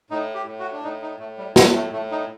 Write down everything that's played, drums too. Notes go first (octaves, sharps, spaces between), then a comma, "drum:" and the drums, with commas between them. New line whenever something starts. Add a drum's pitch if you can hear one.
A2 D#4
G4
A2
F#4
D4
A2 D#4
D#4
A2 A3
G3
A2 G3, drum: snare
A3
A2 A3
D#4